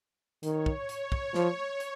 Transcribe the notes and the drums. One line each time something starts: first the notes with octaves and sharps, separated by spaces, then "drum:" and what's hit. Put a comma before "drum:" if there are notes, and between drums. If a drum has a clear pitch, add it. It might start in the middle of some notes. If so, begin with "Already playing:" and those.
D#3 C#5, drum: hi-hat
drum: kick
drum: hi-hat
drum: kick
F3, drum: snare
drum: hi-hat